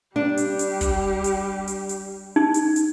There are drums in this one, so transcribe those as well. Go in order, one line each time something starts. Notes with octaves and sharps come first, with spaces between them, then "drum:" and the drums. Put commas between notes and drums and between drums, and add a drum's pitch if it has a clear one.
G3 D4 G4
drum: hi-hat
drum: hi-hat
drum: kick, hi-hat
drum: hi-hat
drum: hi-hat
drum: hi-hat
D#4
drum: hi-hat
drum: hi-hat